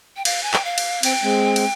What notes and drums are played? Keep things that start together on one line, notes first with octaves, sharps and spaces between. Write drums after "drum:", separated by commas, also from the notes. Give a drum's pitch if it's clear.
G5
F5, drum: cymbal
G#5
G5, drum: clap
F5
drum: cymbal
C4 G5, drum: cymbal
G#3 C4
drum: cymbal